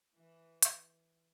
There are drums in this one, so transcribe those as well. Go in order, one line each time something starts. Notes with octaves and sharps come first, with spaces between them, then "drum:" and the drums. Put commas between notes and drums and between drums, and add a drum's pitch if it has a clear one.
E3
drum: hi-hat